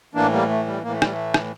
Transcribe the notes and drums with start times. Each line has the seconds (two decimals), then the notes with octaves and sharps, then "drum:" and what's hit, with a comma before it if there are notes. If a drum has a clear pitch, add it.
0.15 A2 E3 A#3 D4
0.32 G3 A#3
0.49 A3
0.67 G3
0.83 A2 E3 A#3
0.93 A3
1.02 G3, drum: rim click
1.12 A3
1.34 drum: rim click